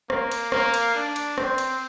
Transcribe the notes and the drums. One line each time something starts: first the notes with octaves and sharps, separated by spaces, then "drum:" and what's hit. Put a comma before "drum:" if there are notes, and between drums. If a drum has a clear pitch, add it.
A#3, drum: rim click
drum: cymbal
A#3, drum: rim click
drum: cymbal
D4
drum: cymbal
C4, drum: rim click
drum: cymbal